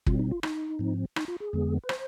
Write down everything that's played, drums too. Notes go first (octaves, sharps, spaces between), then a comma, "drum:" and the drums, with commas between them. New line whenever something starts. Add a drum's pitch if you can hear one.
B2 G3 C4 F4, drum: kick
D#4
F4
D#4, drum: rim click
G#2 F3 C4
D#4, drum: rim click
F4
G#4
F2 D3 G#3 B3
B4
C5, drum: rim click